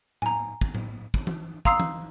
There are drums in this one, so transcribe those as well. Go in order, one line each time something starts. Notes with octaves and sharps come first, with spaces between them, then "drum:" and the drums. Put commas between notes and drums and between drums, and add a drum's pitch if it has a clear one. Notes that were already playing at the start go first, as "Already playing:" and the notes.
G#5 A#5, drum: tom A2
drum: kick
drum: tom A2
drum: kick
drum: tom E3
F5 A#5 C6 D#6 E6 C7, drum: kick
drum: tom E3